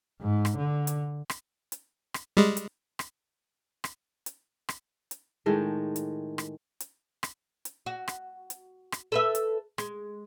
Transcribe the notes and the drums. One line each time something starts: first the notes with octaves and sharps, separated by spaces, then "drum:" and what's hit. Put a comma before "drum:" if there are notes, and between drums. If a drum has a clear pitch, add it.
G#2
drum: rim click
D3
drum: hi-hat
drum: rim click
drum: hi-hat
drum: rim click
G3 G#3
drum: hi-hat
drum: rim click
drum: rim click
drum: hi-hat
drum: rim click
drum: hi-hat
A2 D#3 G#3 A3
drum: hi-hat
drum: rim click
drum: hi-hat
drum: rim click
drum: hi-hat
F#4
drum: rim click
drum: hi-hat
drum: rim click
A4 B4 E5
drum: hi-hat
G#3, drum: rim click